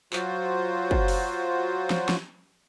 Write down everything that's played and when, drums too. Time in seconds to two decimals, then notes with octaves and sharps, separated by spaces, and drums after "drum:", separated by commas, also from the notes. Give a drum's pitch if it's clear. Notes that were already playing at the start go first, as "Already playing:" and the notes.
0.13 F#3 F4 F#4 C5, drum: clap
0.91 drum: kick
1.08 drum: open hi-hat
1.91 drum: snare
2.09 drum: snare